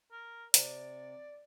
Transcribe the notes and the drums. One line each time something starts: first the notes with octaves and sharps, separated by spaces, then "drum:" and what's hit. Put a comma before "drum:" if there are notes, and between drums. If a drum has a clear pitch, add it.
A#4
C3 D5, drum: hi-hat